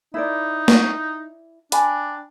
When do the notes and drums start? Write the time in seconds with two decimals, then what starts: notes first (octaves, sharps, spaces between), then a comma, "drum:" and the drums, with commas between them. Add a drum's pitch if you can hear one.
0.14 D#4 E4 A#4 D5
0.68 drum: snare
1.72 D4 G5 G#5 B5, drum: hi-hat